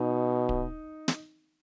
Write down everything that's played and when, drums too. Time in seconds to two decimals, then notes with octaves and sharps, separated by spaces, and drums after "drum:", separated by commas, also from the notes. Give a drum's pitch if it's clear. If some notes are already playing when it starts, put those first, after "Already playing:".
Already playing: B2 D#4
0.49 drum: kick D1
1.08 drum: snare